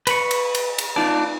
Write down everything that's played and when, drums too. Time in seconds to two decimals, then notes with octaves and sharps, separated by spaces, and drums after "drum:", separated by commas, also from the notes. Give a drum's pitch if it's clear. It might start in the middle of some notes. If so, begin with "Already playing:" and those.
0.07 B4 B5 C#6, drum: cymbal
0.31 drum: cymbal
0.55 drum: cymbal
0.78 drum: cymbal
0.96 D#4 F4 D5 A5